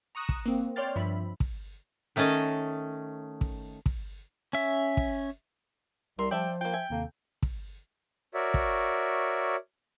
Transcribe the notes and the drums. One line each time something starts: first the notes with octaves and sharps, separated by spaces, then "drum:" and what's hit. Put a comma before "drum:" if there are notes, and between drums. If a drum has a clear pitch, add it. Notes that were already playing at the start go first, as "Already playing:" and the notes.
A#5 C#6 D#6 F#6 A#6 E7
drum: kick
A#3 C4
C#5 D5 G5 C6 F6 A6
G2 F3 E5 B5
drum: kick
D#3 A3 C#4 D#5 A5
drum: kick
drum: kick
C#4 E5
drum: kick
C2 G3 A#4 C6 E6
F3 D5 E5 G5 A5
A#3 F4 F5 G5
E5 G#5
D#2 C3 A#3 A4
drum: kick
F#4 A#4 C#5 D5 E5
drum: kick